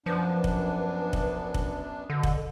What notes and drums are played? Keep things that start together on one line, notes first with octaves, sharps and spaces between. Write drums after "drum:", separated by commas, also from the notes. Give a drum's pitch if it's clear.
F#2 F3 B3 D4 B4
drum: kick
drum: kick
drum: kick
B2 D3
drum: kick